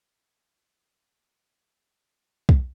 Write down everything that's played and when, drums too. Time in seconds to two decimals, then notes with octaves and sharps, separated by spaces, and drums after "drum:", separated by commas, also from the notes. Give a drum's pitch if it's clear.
0.23 A3 D#6
2.49 drum: kick